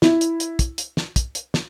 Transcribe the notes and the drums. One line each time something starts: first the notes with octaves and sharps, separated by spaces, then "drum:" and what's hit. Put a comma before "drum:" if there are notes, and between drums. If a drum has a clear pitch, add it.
E4, drum: snare
drum: hi-hat
drum: hi-hat
drum: kick, hi-hat
drum: hi-hat
drum: snare
drum: kick, hi-hat
drum: hi-hat
drum: snare